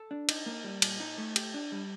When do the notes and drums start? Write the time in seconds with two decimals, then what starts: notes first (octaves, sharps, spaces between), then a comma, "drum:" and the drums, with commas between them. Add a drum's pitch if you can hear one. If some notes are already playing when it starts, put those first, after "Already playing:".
Already playing: A4
0.11 D4
0.29 D#4, drum: cymbal
0.46 A#3
0.64 G3
0.82 A#2, drum: cymbal
1.00 D#4
1.18 A3
1.36 G4, drum: cymbal
1.54 D4
1.72 G3